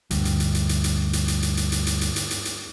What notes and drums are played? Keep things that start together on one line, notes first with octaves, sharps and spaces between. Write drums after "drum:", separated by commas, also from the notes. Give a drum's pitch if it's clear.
D2 G2, drum: hi-hat
drum: hi-hat
drum: hi-hat
drum: hi-hat
drum: hi-hat
drum: hi-hat
drum: hi-hat
drum: hi-hat
drum: hi-hat
drum: hi-hat
drum: hi-hat
drum: hi-hat
drum: hi-hat
drum: hi-hat
drum: hi-hat
drum: hi-hat